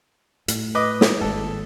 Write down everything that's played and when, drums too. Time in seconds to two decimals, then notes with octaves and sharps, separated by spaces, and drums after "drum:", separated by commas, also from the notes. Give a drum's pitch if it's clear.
0.48 A2, drum: hi-hat
0.75 B4 D#5 D6
1.01 drum: snare
1.21 G#1 G#2 A4